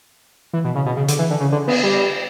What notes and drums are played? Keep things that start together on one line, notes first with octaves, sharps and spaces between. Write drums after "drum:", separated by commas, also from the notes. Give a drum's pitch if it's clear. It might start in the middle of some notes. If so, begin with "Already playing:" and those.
E3
B2
C#3
B2
C#3
D3, drum: hi-hat
E3
D3
C#3
D3
B3, drum: cymbal
G3